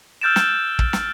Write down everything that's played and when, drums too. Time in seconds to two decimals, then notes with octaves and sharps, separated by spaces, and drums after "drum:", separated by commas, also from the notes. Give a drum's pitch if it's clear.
0.22 E6 F6 G6 A6 D7 E7
0.36 drum: snare
0.79 drum: kick
0.93 drum: snare